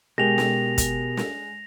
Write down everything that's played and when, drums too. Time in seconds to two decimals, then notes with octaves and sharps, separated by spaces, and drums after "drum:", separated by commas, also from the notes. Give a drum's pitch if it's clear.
0.18 B2 G#3 G4 A#4 G5 A#6 F7
0.38 drum: snare
0.78 drum: kick, hi-hat
1.17 drum: snare